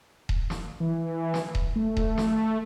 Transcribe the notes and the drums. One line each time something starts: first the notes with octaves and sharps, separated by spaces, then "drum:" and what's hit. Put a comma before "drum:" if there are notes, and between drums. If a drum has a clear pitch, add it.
drum: kick D#1
drum: snare
E3
drum: snare
drum: kick D#1
A3
drum: kick D#1
drum: snare